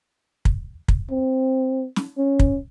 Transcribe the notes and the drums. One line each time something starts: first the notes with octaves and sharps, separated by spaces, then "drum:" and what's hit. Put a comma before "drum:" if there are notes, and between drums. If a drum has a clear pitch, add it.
drum: kick
drum: kick
C4
drum: snare
C#4
drum: kick